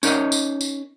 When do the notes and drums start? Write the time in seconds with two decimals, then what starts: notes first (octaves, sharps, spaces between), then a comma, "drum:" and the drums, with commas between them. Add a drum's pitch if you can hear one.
0.03 C#4 D#4 A#4 C#5 D#5, drum: tambourine
0.32 drum: tambourine
0.61 drum: tambourine